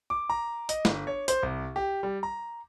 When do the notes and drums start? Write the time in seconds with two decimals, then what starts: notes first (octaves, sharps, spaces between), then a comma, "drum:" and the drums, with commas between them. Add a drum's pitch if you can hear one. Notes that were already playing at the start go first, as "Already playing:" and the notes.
0.10 D6
0.30 A#5
0.69 D#5, drum: hi-hat
0.85 G1, drum: snare
1.07 C#5
1.28 C5, drum: hi-hat
1.43 C2
1.76 G4
2.03 G3
2.23 A#5